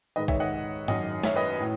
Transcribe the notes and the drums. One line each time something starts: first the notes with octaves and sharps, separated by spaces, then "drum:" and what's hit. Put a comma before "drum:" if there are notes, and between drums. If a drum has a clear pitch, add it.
G#2 D#3 B4 D#5
C#5 E5, drum: kick
D#5 F#5
F#2 D#3 D#5 F#5, drum: tom G#2
C#5 E5, drum: snare
B4 D#5
A2